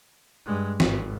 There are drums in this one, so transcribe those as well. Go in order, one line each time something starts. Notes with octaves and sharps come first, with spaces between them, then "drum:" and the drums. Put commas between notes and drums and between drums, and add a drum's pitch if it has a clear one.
G2 G#3
G#1, drum: snare